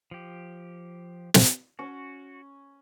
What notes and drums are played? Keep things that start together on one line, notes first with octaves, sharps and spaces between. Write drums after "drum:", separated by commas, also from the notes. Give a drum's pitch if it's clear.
F3 G4
drum: snare
C#4 F#4